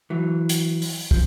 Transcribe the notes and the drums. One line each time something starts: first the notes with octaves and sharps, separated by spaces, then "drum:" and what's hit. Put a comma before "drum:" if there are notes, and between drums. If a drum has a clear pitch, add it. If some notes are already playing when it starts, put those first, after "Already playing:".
E3 F#3
drum: hi-hat
drum: open hi-hat
F3, drum: kick